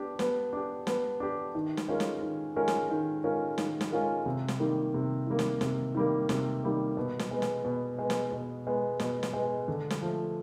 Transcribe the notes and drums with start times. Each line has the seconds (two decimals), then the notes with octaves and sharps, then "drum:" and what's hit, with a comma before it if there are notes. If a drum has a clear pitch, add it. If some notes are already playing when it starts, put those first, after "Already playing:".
Already playing: B3 D4 G4
0.19 B3, drum: snare
0.53 D4 G4
0.87 B3, drum: snare
1.20 D4 G4
1.55 D#3
1.77 drum: snare
1.88 G#3 C#4 F4 A#4
2.00 drum: snare
2.22 D#3
2.56 G#3 C#4 F4 A#4
2.68 drum: snare
2.91 D#3
3.24 G#3 C#4 F4 A#4
3.58 D#3, drum: snare
3.81 drum: snare
3.92 G#3 C#4 F4 A#4
4.26 C3
4.48 drum: snare
4.59 D#3 G3 A#3
4.94 C3
5.27 D#3 G3 A#3
5.39 drum: snare
5.61 C3, drum: snare
5.95 D#3 G3 A#3
6.29 C3, drum: snare
6.63 D#3 G3 A#3
6.97 B2
7.19 drum: snare
7.31 G#3 B3
7.42 drum: snare
7.64 B2
7.98 G#3 B3
8.10 drum: snare
8.32 B2
8.67 G#3 B3
8.99 B2, drum: snare
9.23 drum: snare
9.33 G#3 B3
9.68 D3
9.90 drum: snare
10.01 F3 A3